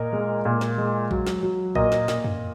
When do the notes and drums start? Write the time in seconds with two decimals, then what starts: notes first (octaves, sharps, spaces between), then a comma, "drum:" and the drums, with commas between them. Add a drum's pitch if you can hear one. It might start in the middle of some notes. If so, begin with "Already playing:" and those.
Already playing: A#2 A#4 D#5
0.13 G#3
0.45 A#2
0.61 drum: snare
0.78 G#3
1.11 F#3, drum: kick A#1
1.27 drum: snare
1.42 F#3
1.75 A#2 A#4 D#5, drum: kick A#1
1.92 drum: snare
2.08 A#2, drum: snare
2.24 drum: tom